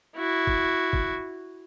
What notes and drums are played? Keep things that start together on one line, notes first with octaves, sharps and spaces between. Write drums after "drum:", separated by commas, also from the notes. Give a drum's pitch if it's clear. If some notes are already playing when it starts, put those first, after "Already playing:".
E4 F#4
drum: kick
drum: kick